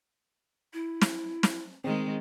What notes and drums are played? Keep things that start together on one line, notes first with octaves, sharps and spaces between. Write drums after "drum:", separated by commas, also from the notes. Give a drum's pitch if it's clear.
E4
drum: snare
drum: snare
D#3 G#3 C4 G#4